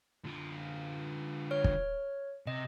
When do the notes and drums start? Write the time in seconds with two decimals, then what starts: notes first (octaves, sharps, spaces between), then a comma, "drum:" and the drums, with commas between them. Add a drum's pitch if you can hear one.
0.25 D3 F4
1.51 C#5 F6
1.64 drum: kick
2.47 C3 D#5